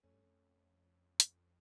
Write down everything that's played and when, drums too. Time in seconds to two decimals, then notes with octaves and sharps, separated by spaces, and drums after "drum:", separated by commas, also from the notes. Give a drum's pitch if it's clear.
0.03 F2 A3 C#4
0.13 G2
0.23 F2
1.20 drum: hi-hat